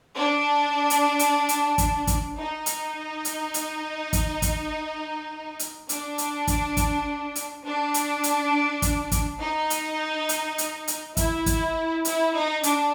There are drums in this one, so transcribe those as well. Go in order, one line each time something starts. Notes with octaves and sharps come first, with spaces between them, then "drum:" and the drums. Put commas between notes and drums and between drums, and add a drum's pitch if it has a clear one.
D4
drum: hi-hat
drum: hi-hat
drum: hi-hat
drum: kick, hi-hat
drum: kick, hi-hat
D#4
drum: hi-hat
drum: hi-hat
drum: hi-hat
drum: kick, hi-hat
drum: kick, hi-hat
drum: hi-hat
D4, drum: hi-hat
drum: hi-hat
drum: kick, hi-hat
drum: kick, hi-hat
drum: hi-hat
D4
drum: hi-hat
drum: hi-hat
drum: kick, hi-hat
drum: kick, hi-hat
D#4
drum: hi-hat
drum: hi-hat
drum: hi-hat
drum: hi-hat
E4, drum: kick, hi-hat
drum: kick, hi-hat
E4, drum: hi-hat
D#4
D4, drum: hi-hat